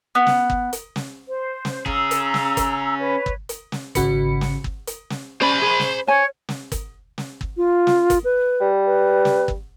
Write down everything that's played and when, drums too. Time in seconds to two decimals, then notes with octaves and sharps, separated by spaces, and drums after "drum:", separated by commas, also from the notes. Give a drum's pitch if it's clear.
0.15 B3
0.27 drum: snare
0.50 drum: kick
0.73 drum: hi-hat
0.96 drum: snare
1.27 C5
1.65 drum: snare
1.86 C#4 G#4 A#5 E6, drum: kick
2.11 drum: hi-hat
2.34 drum: snare
2.57 drum: kick, hi-hat
2.98 B4 C#5
3.26 drum: kick
3.49 drum: hi-hat
3.72 drum: snare
3.95 G#1 C#3 F#4 B5 C#7, drum: kick, hi-hat
4.41 drum: snare
4.64 drum: kick
4.87 drum: hi-hat
5.10 drum: snare
5.42 C#4 C5 D5 B5
5.61 G#4
5.79 drum: snare
6.07 C5 C#5 G#5
6.49 drum: snare
6.72 drum: kick, hi-hat
7.18 drum: snare
7.41 drum: kick
7.57 F4
7.87 drum: snare
8.10 drum: kick, hi-hat
8.24 B4
8.61 G3
8.86 B4
9.25 drum: snare
9.48 drum: kick